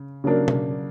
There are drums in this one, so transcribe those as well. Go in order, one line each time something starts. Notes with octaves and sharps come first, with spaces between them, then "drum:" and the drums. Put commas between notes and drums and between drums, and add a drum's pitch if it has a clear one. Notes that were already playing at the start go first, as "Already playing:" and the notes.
Already playing: C#3
C#3 F#3 A#3 D4 A#4
drum: tom B2